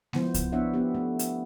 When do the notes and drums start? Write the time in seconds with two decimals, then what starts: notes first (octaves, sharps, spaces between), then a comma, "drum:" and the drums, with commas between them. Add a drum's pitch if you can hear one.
0.13 F3 B3 E4 C5, drum: snare G#3
0.34 drum: kick C2, hi-hat
0.52 B3 D4 E4 C#5 E5 F#5
0.74 B3 G4
0.95 A3
1.19 drum: hi-hat